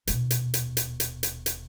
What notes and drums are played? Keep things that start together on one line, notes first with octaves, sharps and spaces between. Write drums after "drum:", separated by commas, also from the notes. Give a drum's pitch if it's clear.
D#1 B2, drum: hi-hat
drum: hi-hat
drum: hi-hat
drum: hi-hat
drum: hi-hat
drum: hi-hat
drum: hi-hat